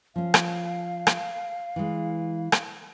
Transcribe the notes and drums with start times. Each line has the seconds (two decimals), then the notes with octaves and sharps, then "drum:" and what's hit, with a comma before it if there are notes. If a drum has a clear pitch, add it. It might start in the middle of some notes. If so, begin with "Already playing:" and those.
0.16 F3 C#4 F5
0.34 drum: rim click
1.07 drum: rim click
1.76 E3 G#3
2.52 drum: rim click